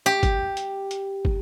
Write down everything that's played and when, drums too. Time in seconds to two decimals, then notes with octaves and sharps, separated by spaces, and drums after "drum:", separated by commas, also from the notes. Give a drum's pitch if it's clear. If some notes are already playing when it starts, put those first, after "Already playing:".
0.06 G4
0.23 drum: kick, hi-hat
0.57 drum: hi-hat
0.91 drum: hi-hat
1.25 drum: kick